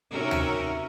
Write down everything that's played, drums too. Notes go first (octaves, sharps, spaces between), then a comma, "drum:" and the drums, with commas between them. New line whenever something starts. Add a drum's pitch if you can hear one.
C3 C#4 D#4 F#4 A#4 E5
drum: tom D2